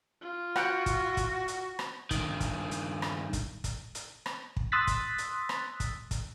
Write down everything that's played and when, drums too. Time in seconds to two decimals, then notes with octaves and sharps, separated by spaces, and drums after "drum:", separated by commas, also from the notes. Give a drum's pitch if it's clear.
0.21 F4
0.56 F#4 F#5 G5, drum: rim click
0.86 drum: kick, hi-hat
1.17 drum: kick, hi-hat
1.48 drum: hi-hat
1.79 drum: rim click
2.11 G2 D#3, drum: kick, hi-hat
2.40 drum: kick, hi-hat
2.71 drum: hi-hat
3.02 drum: rim click
3.33 drum: kick, hi-hat
3.64 drum: kick, hi-hat
3.95 drum: hi-hat
4.26 drum: rim click
4.57 drum: kick
4.72 C6 D#6 E6 F#6 A6 B6
4.87 drum: kick, hi-hat
5.18 drum: hi-hat
5.49 drum: rim click
5.80 drum: kick, hi-hat
6.11 drum: kick, hi-hat